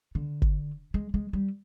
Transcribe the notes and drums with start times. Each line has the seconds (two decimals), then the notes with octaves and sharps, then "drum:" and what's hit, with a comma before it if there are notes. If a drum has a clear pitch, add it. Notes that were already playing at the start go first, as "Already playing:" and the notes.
0.15 D3
0.42 drum: kick G1
0.94 G#3
1.14 G#3
1.33 G3